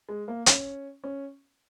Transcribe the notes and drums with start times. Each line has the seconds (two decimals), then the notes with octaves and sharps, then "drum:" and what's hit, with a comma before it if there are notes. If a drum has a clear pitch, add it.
0.09 G#3
0.28 A#3
0.46 C#4, drum: hi-hat
1.04 C#4